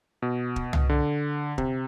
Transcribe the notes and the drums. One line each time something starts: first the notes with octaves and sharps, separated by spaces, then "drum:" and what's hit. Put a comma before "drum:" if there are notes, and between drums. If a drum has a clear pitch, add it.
B2
drum: kick
drum: tom C2
D3
C3, drum: kick